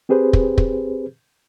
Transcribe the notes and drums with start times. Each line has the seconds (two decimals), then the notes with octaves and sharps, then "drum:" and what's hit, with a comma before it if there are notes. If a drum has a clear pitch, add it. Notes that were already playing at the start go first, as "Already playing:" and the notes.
0.09 C4 G4 G#4 B4 C5
0.33 drum: kick
0.58 drum: kick